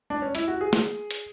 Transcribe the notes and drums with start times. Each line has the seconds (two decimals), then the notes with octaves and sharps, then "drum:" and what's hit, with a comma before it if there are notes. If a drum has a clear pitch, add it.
0.10 D4
0.22 C#4
0.35 E4, drum: hi-hat
0.48 F#4
0.61 G#4
0.73 drum: snare
1.11 drum: hi-hat